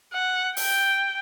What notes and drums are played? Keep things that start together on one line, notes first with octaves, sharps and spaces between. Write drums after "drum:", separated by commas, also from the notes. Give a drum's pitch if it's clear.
F#5
G5, drum: open hi-hat